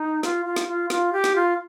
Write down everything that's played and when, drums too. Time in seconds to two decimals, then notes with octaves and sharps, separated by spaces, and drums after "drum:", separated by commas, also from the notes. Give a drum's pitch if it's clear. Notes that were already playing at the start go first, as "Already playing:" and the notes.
Already playing: D#4
0.23 F4, drum: snare
0.45 F4
0.56 drum: snare
0.68 F4
0.90 F4, drum: snare
1.13 G4
1.24 drum: snare
1.36 F4